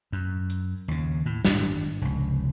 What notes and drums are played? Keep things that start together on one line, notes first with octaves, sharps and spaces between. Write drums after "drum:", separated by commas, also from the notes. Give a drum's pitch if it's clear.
F#2
drum: hi-hat
D#2 C#3
A2
G#1 F#2 D4, drum: snare
F1 C#2